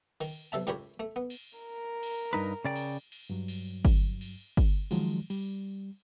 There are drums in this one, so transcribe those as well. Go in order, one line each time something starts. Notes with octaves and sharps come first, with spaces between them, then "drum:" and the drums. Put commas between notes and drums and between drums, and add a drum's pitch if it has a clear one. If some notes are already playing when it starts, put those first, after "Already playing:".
D#3, drum: cymbal
B1 C3 E5 A5
C#2 A2 G4 A#4 C#5 B5
A3
B3
drum: cymbal
A#4
drum: cymbal
G2 D#4 B4
C#3 D5 G5
drum: cymbal
drum: cymbal
G2 F#3
drum: cymbal
drum: kick G1, cymbal
drum: cymbal
drum: kick G1, cymbal
D#3 F3 F#3 G#3, drum: cymbal
G3, drum: cymbal